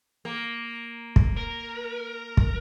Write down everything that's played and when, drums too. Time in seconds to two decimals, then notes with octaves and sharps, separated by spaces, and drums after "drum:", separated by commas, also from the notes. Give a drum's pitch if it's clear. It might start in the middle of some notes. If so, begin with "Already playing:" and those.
0.25 A#3
1.16 drum: kick
1.37 A#4
2.37 drum: kick